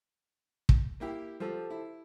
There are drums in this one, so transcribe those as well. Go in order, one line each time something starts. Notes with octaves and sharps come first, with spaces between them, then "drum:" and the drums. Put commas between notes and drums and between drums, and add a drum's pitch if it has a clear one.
drum: kick
A#3 E4 G4
F3 G4 A4 C5
E4